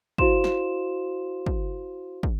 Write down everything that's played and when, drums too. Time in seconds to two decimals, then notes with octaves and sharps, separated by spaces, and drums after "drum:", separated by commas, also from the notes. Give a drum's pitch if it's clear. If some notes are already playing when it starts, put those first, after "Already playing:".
0.18 E4 F#4 C5 F5 C6 E7, drum: kick
0.44 drum: snare
1.46 drum: kick
2.23 drum: kick